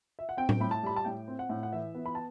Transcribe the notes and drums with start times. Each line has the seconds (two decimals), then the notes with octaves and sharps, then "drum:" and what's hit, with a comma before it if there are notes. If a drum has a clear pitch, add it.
0.19 E5
0.29 F#5
0.37 C4 G5
0.49 drum: tom A2
0.60 A2 B5
0.71 A5
0.83 G3 B5
0.96 A5
1.05 A2 G5
1.28 C4
1.39 F#5
1.49 A2
1.63 F#5
1.73 E3 E5
1.95 B3
2.06 B5
2.15 A5